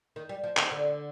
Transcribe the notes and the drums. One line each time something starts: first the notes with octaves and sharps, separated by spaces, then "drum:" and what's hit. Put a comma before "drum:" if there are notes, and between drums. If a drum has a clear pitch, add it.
D#3
G3
F3
D#3, drum: clap
D3